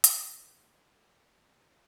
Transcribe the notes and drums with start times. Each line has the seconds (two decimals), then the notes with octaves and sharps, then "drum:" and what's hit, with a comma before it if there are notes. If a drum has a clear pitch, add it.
0.04 B2 F3 G3 G#3, drum: hi-hat